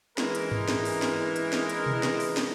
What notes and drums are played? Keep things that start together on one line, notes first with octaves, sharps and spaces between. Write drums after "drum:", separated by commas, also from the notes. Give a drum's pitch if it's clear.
E3 G#3 A#4, drum: snare
drum: hi-hat
drum: tom G2
drum: snare
drum: open hi-hat
drum: snare
drum: hi-hat
drum: snare
drum: hi-hat
drum: tom B2
drum: snare
drum: open hi-hat
drum: snare